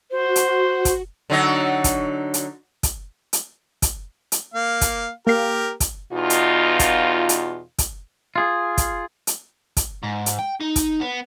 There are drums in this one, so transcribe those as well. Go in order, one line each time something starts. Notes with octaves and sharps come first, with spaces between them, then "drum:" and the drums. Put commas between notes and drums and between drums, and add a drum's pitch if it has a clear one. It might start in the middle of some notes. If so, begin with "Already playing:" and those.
F#4 C5
drum: hi-hat
drum: kick, hi-hat
D3 F#3 D#4
drum: kick, hi-hat
drum: hi-hat
drum: kick, hi-hat
drum: hi-hat
drum: kick, hi-hat
drum: hi-hat
A#3 F5
drum: kick, hi-hat
A#3 G4 A#4 F5
drum: kick, hi-hat
E2 B2 D#4 F4
drum: hi-hat
drum: kick, hi-hat
drum: hi-hat
drum: kick, hi-hat
F4 G#4
drum: kick, hi-hat
drum: hi-hat
drum: kick, hi-hat
G#2
drum: hi-hat
G5
D#4
drum: kick, hi-hat
B3